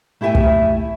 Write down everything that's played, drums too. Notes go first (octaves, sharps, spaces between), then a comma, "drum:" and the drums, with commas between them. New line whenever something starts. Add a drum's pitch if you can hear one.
A3 E4 G4 E5 G5 G#5
drum: kick